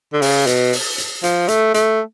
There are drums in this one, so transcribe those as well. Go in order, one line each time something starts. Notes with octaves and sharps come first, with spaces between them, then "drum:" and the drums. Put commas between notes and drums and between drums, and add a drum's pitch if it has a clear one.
D3
C#3, drum: open hi-hat
B2, drum: hi-hat
drum: open hi-hat
drum: hi-hat
F3, drum: hi-hat
A3, drum: hi-hat
A3, drum: hi-hat